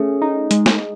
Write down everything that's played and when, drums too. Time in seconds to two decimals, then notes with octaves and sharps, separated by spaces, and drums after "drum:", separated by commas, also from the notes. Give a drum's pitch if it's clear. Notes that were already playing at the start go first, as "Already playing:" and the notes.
Already playing: A3 C#4 G#4
0.22 D#4
0.51 G#3, drum: hi-hat
0.66 drum: snare